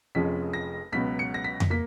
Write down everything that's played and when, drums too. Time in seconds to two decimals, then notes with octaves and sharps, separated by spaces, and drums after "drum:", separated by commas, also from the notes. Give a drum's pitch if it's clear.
0.15 F1 F2 F3 G#3 C#4 B6
0.53 A#6
0.92 C#2 B2 F#3 B3 B6
1.19 C#7
1.34 A#6
1.44 B6
1.60 drum: tom F2
1.70 A#3 B6